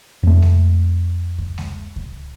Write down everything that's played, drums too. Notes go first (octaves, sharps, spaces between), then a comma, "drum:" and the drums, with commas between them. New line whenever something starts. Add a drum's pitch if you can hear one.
F2 A3
drum: snare G#3
drum: kick C#2
drum: snare G#3
drum: kick C#2